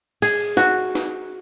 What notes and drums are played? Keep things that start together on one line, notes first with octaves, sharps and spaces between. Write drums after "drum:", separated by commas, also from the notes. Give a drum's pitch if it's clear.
G#4, drum: cymbal
F#4, drum: snare
drum: snare